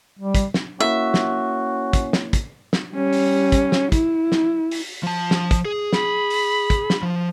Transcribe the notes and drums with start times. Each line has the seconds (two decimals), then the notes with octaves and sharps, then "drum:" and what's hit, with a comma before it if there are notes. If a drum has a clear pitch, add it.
0.19 G3
0.35 drum: kick, hi-hat
0.54 drum: snare
0.80 A#3 C#4 E4 F#4 E5
1.14 drum: snare
1.93 drum: kick, hi-hat
2.13 drum: snare
2.33 drum: kick, hi-hat
2.73 drum: snare
2.94 G3 C#4
3.13 drum: open hi-hat
3.52 drum: kick, hi-hat
3.72 drum: snare
3.92 E4, drum: kick, hi-hat
4.32 drum: snare
4.71 drum: open hi-hat
5.03 F3 A5
5.31 drum: snare
5.51 drum: kick, hi-hat
5.65 G#4
5.93 B5, drum: snare
6.30 drum: open hi-hat
6.70 drum: kick, hi-hat
6.90 drum: snare
7.03 F3